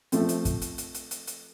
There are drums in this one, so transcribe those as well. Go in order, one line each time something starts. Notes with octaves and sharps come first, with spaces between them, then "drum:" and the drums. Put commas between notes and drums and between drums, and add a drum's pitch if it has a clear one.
F3 A3 C4, drum: hi-hat
drum: hi-hat
drum: kick, hi-hat
drum: hi-hat
drum: hi-hat
drum: hi-hat
drum: hi-hat
drum: hi-hat